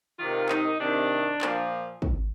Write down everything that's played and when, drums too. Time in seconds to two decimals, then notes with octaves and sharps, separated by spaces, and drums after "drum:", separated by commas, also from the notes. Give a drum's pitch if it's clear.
0.19 C3 D#3 F4
0.49 D#4, drum: clap
0.80 C3 D#3 D4
1.41 A#2 F3, drum: clap
2.02 drum: kick